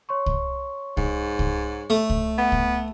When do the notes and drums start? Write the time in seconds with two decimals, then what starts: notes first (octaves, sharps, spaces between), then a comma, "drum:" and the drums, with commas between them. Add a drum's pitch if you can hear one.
0.09 C#5 C6 C#6
0.26 drum: kick C2
0.97 G#2, drum: kick C2
1.39 drum: kick C2
1.90 A3
2.10 drum: kick C2
2.38 B3 F#5
2.52 drum: kick C2